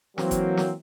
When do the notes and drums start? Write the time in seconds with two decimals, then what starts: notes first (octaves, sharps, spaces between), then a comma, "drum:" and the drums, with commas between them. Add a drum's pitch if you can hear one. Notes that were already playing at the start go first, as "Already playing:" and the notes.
0.18 E3 F#3 A#3 C4, drum: snare
0.31 drum: kick F#1, hi-hat
0.57 drum: snare